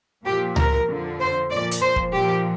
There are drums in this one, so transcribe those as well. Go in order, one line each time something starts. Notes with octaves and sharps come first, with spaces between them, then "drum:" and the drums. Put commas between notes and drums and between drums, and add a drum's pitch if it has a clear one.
A#2 F3 G4
A#4, drum: tom C#2
F2 D3 F3
C5
A#2 F3 D5
drum: hi-hat
C5
drum: kick
A#2 F3 G4